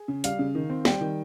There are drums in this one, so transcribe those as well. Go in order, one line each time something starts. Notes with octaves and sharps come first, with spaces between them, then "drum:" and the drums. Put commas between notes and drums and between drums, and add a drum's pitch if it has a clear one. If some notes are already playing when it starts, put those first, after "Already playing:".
Already playing: G#4
C#3
G3 F5, drum: hi-hat
C#3
D#3
C4
G3 G5, drum: snare
D#3